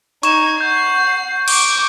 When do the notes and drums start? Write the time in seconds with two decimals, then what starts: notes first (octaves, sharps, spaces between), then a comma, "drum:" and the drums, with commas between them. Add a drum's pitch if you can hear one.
0.23 D#4 C#6 G#6 E7, drum: hi-hat
0.61 F#5 G6 C7
1.48 C#6 D6, drum: cymbal